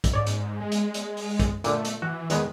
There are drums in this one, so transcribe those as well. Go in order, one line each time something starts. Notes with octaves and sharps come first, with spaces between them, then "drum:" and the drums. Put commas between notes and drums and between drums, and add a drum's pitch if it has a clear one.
drum: kick, hi-hat
G#2 C#5 D5
drum: hi-hat
G#3
drum: hi-hat
drum: hi-hat
drum: open hi-hat
drum: kick, hi-hat
A#2 D3 A3, drum: hi-hat
drum: hi-hat
E3 F#4
E2 D#3 G#3 B3, drum: hi-hat